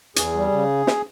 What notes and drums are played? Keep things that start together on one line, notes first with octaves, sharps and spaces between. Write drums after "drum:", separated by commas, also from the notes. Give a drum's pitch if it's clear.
E2 G#4, drum: hi-hat
G3
C#3
drum: snare